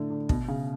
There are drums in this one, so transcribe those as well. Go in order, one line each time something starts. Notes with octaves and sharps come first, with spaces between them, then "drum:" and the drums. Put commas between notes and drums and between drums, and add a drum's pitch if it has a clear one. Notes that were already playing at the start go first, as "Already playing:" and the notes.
Already playing: A2 D3
D3
B2, drum: kick
C#3